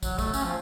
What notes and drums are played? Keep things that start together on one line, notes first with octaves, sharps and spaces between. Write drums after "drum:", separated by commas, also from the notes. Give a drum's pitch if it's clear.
F#3, drum: kick, tambourine
A3, drum: kick, tambourine
C#4, drum: tambourine
F3